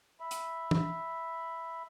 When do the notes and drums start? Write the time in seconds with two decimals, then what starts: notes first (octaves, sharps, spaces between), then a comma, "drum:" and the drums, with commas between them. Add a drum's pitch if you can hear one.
0.20 E5 B5
0.31 drum: hi-hat
0.71 drum: tom